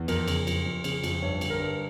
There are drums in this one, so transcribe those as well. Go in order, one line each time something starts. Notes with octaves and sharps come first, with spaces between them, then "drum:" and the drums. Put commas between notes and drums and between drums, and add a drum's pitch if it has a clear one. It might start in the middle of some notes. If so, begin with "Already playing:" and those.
Already playing: E2
F2 A#4, drum: cymbal
C#3, drum: cymbal
F2, drum: cymbal
F2
C#3, drum: cymbal
F2, drum: cymbal
G2 C#5
D3, drum: cymbal
A#4
G2